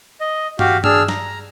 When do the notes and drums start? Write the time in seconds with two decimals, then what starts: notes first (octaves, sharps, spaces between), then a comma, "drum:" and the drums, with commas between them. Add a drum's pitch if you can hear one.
0.20 D#5
0.59 F#4 G4 F5, drum: tom G2
0.84 D4 G#4 E6 F6, drum: tom G2
1.08 A#5, drum: snare